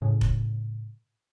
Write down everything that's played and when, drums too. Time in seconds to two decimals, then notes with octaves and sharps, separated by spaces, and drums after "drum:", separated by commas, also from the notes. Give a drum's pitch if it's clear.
0.02 A2 C#3
0.21 drum: kick F1